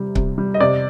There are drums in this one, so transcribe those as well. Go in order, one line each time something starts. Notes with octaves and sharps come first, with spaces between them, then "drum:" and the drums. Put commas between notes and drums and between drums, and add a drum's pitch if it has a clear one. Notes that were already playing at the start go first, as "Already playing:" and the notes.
Already playing: C3 G3
C3, drum: kick C#1
G3
D#5
C3 D5